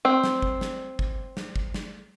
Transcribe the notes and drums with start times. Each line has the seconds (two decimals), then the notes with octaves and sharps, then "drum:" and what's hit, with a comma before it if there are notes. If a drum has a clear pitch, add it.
0.05 C4 G5
0.24 drum: snare
0.42 drum: kick G1
0.61 drum: snare
0.99 drum: kick G1
1.37 drum: snare
1.56 drum: kick G1
1.74 drum: snare